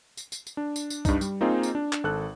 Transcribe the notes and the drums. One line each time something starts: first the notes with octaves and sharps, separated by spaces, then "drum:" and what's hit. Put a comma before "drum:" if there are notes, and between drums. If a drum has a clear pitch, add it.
drum: tambourine
drum: tambourine
drum: tambourine
D4
drum: tambourine
drum: tambourine
G2 D4 D#4, drum: kick, tambourine
G3, drum: tambourine
A#3 C4 D#4 F4 G#4
drum: tambourine
D4
drum: clap
G#1 A4 F#6